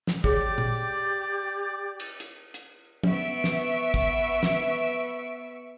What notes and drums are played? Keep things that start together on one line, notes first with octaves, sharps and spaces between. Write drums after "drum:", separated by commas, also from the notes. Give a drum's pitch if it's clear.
drum: snare
G4 G#4 C#5 D5, drum: kick
drum: tom A#2
drum: cymbal
drum: hi-hat
drum: hi-hat
B3 E5 C#6 D7, drum: tom
drum: snare
drum: kick
drum: snare